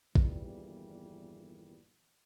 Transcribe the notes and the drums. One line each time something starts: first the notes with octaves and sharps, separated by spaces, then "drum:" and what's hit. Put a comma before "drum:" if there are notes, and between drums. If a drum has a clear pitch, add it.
G1 E2 A#2 D#3 E3 G3, drum: kick